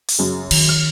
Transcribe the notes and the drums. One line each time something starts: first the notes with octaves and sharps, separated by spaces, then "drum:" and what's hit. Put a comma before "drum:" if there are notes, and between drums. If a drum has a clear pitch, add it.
drum: open hi-hat
F#2 C#3
D#3, drum: cymbal
F6